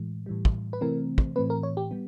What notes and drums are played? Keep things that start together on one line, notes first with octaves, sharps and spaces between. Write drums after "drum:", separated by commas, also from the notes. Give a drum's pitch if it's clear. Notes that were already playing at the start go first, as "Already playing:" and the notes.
Already playing: A2 E3 G#3
A2 E3 G3
drum: kick
B4
C3 E3 A3 C4 A#4
drum: kick
A2 E3 A3 C4 B4
A#4
C#5
G4
G3 B3